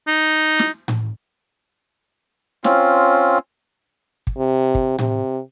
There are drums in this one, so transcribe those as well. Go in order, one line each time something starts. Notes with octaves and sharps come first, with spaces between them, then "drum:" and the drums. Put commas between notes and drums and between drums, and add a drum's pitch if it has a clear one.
D#4
drum: snare
drum: tom A2
C4 C#4 F4, drum: snare
drum: kick
C3
drum: kick
C3, drum: tom A2